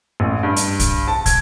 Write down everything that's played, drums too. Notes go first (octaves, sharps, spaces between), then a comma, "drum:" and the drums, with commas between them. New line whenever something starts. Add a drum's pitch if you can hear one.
A1
G2
drum: hi-hat
drum: kick, hi-hat
A5
G#6, drum: kick, hi-hat